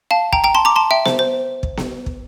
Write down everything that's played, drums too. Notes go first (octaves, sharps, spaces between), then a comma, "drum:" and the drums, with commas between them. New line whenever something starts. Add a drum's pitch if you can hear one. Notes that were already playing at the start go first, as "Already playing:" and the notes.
F5 A5
G5 A#5, drum: kick
G5 A#5
A5 C6
A#5 D6
A5 C6
E5 G5
C5, drum: snare B3
C5
drum: kick
drum: snare B3
drum: kick